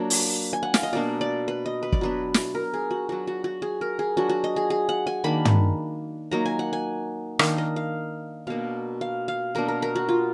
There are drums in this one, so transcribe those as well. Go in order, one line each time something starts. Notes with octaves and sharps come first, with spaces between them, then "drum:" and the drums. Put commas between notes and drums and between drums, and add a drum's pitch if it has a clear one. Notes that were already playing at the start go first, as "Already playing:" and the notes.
Already playing: F#3 A#3 D4
drum: open hi-hat
G#5
F#5
F5, drum: snare
D#5
B2 A#3 D4 D5
D5
B4
D#5
B4
D5, drum: kick
F#3 B3 D4 B4
drum: snare
A#4
G#4
F#4
F#3 D4 F#4
F#4
F#4
G#4
A#4
G#4
F#3 D4 F#4
F#4
D#5
G#4
G#4
F#5
G#5
D#3 A#3 D4 B5
drum: tom
F#3 A#3 D#4 A#5
G#5
F#5
G#5
D#3 A#3 D4 F5, drum: rim click
D#5
F5
B2 A#3 D4 F5
F5
F5
B2 A#3 D4 A#4
A#4
A#4
F#4
F4